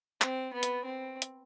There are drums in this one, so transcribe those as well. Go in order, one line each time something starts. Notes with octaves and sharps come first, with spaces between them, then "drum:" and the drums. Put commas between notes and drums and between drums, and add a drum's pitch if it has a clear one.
C4, drum: clap
B3
drum: hi-hat
C4
drum: hi-hat